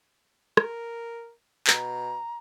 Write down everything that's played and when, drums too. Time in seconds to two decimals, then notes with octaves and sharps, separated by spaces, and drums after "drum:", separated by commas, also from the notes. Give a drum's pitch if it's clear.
0.57 A#4, drum: rim click
1.67 B2 A#5, drum: clap